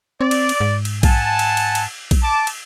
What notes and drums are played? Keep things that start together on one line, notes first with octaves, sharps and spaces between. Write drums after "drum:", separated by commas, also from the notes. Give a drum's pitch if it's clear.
C4 D5
drum: cymbal
drum: cymbal
G#2
drum: cymbal
F#5 G#5 A5, drum: kick A#1, cymbal
drum: cymbal
drum: cymbal
drum: cymbal
drum: kick A#1, cymbal
A5 D6
drum: cymbal